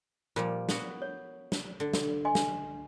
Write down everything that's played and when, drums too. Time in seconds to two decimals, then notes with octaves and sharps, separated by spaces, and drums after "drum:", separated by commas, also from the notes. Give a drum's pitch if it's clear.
0.36 A#2 F3 G3 F4
0.69 B3 F#4, drum: snare
1.02 C#5
1.52 drum: snare
1.80 D3
1.94 drum: snare
2.25 D#5 G#5 C6
2.35 drum: snare